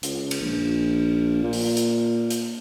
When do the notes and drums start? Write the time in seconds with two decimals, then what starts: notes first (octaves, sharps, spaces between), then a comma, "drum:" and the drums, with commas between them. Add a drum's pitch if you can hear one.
0.03 C#2, drum: hi-hat
0.31 drum: cymbal
0.41 A#1
1.44 A#2
1.53 drum: open hi-hat
1.77 drum: hi-hat
2.30 drum: hi-hat